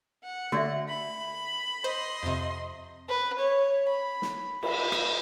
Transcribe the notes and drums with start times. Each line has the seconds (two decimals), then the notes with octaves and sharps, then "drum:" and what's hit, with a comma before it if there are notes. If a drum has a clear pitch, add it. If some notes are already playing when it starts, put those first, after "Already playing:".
0.23 F#5
0.52 D3 A3 F#4 D5 E5
0.88 B5
1.84 C5 D#5 C6
2.23 F2 C3
3.08 B4
3.39 C#5
3.88 B5
4.22 drum: snare
4.63 B5, drum: cymbal
4.92 drum: rim click